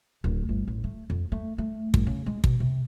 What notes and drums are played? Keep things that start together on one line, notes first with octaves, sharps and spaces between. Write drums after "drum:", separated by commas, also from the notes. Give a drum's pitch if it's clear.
D1
G1
A1
A3
F2
A3
A3
G1, drum: kick
C#3
G#3
B2, drum: kick
C3